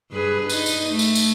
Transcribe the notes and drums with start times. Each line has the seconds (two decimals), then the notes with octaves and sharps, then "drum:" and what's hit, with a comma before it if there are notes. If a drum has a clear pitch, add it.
0.11 G2 G#4 B4
0.49 D#4, drum: tambourine
0.66 drum: tambourine
0.89 A3
0.99 drum: tambourine
1.15 drum: tambourine